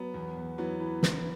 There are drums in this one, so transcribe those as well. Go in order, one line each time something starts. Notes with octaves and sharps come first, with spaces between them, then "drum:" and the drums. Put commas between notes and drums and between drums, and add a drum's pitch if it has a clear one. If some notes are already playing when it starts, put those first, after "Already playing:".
Already playing: F#3 B3
E2
E2
E3 F#3 B3
E3
E3, drum: snare